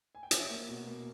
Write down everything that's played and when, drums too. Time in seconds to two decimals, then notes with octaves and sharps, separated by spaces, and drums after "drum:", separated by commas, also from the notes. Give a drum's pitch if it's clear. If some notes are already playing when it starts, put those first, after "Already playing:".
0.15 G#5
0.23 G5
0.31 C#4 E5, drum: hi-hat
0.50 A#3
0.69 B2
0.87 A#3